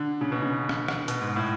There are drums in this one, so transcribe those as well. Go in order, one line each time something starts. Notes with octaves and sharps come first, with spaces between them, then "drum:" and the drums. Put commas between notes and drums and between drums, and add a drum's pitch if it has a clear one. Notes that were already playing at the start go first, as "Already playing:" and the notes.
Already playing: D3
C#3
B2
C#3
drum: rim click
drum: rim click
B2, drum: hi-hat
G#2
A2